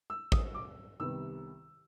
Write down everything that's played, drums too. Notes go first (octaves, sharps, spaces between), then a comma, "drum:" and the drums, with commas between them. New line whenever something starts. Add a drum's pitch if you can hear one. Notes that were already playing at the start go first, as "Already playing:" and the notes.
E6
D#6, drum: kick
D6
C2 C3 D#3 G3 B3 E6